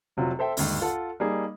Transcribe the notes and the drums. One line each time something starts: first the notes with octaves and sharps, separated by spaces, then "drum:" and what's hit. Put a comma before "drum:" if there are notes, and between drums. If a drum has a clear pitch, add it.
F1 C3 F#3 F4
A4 C5 E5 G5
G1 D#2 G#2, drum: open hi-hat
F4 A4 F#5
G3 A#3 D#4 G#4